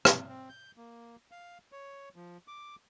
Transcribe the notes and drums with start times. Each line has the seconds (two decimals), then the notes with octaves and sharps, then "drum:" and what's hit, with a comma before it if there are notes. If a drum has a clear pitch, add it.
0.05 C3, drum: rim click
0.28 C4
0.49 G6
0.77 A#3
1.31 F5
1.72 C#5
2.16 F3
2.48 D6